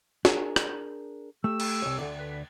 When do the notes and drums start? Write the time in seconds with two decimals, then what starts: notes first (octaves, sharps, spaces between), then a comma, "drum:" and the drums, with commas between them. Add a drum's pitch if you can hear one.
0.25 D4 G#4 A#4, drum: snare
0.56 drum: rim click
1.44 A3 G4 E6
1.60 drum: cymbal
1.82 C2 C#5
1.99 D2 D3 D5
2.18 D3 A3 B4